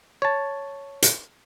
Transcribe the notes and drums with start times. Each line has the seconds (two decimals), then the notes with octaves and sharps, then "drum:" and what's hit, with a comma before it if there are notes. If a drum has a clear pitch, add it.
0.22 C#5 A5
1.02 drum: hi-hat